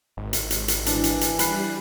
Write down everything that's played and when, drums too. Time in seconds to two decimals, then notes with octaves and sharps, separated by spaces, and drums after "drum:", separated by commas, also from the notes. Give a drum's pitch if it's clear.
0.17 G#1
0.33 drum: hi-hat
0.51 drum: hi-hat
0.68 drum: hi-hat
0.86 E3 D4, drum: hi-hat
1.04 drum: hi-hat
1.21 drum: hi-hat
1.39 G3 B5 F#6 C7, drum: hi-hat